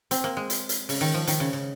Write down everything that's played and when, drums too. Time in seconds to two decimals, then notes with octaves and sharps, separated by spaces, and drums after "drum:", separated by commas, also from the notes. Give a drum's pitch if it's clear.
0.11 C4, drum: hi-hat
0.24 A#3
0.37 G#3
0.50 drum: hi-hat
0.69 drum: hi-hat
0.89 C#3, drum: open hi-hat
1.01 D#3
1.14 F3
1.27 D#3, drum: hi-hat
1.40 C#3
1.53 C#3